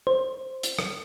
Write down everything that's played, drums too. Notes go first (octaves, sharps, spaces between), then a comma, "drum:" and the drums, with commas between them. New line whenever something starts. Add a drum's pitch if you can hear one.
C5
drum: hi-hat
drum: rim click